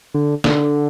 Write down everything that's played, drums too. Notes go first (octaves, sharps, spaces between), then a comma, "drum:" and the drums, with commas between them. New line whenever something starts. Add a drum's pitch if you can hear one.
D3
D3, drum: snare